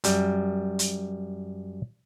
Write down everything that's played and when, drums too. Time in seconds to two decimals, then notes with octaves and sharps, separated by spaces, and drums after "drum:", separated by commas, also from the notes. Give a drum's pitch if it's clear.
0.04 F#2 G3, drum: hi-hat
0.79 drum: hi-hat